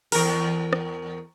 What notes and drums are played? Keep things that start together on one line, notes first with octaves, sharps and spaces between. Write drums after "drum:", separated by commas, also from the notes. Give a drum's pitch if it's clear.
E2 A#4, drum: open hi-hat
drum: rim click